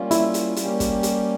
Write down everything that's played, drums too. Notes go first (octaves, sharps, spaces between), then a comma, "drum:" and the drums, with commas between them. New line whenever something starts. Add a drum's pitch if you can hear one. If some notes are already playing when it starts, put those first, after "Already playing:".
Already playing: G3 A#3 C#4 F4
E4, drum: hi-hat
drum: hi-hat
G3 A#3 C#4 G4, drum: hi-hat
drum: kick, hi-hat
drum: hi-hat